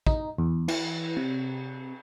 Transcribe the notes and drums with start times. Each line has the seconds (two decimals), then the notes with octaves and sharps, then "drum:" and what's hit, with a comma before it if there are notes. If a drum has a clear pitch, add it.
0.07 D#4, drum: kick
0.38 E2
0.68 E3, drum: cymbal
1.17 C3